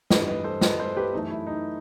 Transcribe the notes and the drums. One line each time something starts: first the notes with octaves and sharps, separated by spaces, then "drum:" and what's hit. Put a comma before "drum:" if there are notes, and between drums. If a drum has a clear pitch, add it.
G2 E3 G3 B4 D#5, drum: snare
B4 D#5
A4 C5
B4 D#5, drum: snare
A4 C5
G4 B4
F#2 E3 A3 D#4
E4
D#4